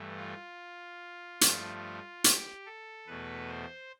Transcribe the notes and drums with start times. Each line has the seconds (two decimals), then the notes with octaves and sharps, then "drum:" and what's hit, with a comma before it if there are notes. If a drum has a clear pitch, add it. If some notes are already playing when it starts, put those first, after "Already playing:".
Already playing: G2 E3 A3
0.17 F4
1.41 G2 F3 A3, drum: hi-hat
2.24 G4, drum: hi-hat
2.66 A4
3.07 E2 B2 A3 B4
3.49 C5